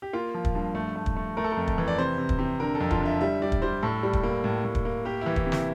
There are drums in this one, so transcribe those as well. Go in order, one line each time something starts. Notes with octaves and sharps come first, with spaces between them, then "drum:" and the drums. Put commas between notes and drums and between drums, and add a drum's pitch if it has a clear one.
G4
A#3 F4
F3
drum: kick
G2
A3
A3
drum: kick
A3
A3 A#4
A4
F2 A#4
drum: kick
E3
D5
C3 C5
C3
drum: kick
C3
D3 A#4
A4
F2
F4, drum: kick
D3 E5
G3 E5
G3 D5
drum: kick
G3 C5
A2 A4
G3
drum: kick
A#3
A2
A2
drum: kick
A#3
A#3 G4
E3 E4
E4, drum: kick
C3
E4, drum: snare